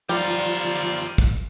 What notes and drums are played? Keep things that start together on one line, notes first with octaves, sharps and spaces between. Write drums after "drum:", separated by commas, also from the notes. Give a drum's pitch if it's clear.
F3 G3 F4 G4 D5 A#5, drum: hi-hat
drum: hi-hat
drum: hi-hat
drum: hi-hat
drum: hi-hat
drum: kick, hi-hat